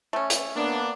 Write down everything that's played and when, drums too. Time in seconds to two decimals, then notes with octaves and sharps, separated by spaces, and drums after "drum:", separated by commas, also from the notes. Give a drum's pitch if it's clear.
0.13 A3 C#4
0.30 drum: hi-hat
0.55 A#3 B3 D4